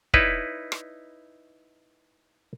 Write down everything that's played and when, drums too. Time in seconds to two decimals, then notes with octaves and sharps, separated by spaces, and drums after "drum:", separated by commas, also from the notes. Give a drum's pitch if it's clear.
0.14 D#4 E4 B4 C#5 D5, drum: kick
0.72 drum: rim click